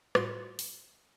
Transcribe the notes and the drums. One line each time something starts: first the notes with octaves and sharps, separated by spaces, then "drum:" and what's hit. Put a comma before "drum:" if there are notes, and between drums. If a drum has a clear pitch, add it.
A2 G3 F4 F#4 C6 D7, drum: rim click
drum: open hi-hat